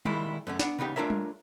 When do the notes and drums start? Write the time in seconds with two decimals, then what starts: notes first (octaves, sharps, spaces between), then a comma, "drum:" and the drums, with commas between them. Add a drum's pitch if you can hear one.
0.05 D#3 G3 G#3 A#3 E4, drum: tom G3
0.47 F#2 A3 C#4
0.59 B3 D4 F#5, drum: snare
0.78 C#3 B3 D#4 G4
0.96 A3 D4 F4 A#4 C#5 E5
1.10 drum: tom G3